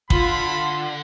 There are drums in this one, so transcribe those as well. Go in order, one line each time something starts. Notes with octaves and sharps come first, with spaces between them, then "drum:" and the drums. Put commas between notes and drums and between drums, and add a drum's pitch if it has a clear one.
D3 F4 B5 C6, drum: kick